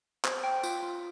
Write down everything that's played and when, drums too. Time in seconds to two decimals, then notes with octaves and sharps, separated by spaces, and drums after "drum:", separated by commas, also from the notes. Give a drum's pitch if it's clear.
0.25 C5, drum: clap
0.44 G5
0.63 F4, drum: tambourine
0.83 F4